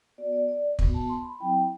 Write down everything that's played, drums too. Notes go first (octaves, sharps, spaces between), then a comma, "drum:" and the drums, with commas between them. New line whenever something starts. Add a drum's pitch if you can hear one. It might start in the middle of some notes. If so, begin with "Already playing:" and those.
B3 F#4 D5
D5
D5
B3 F#4, drum: kick
A5
C6
B5
F#3 C4 E4 G5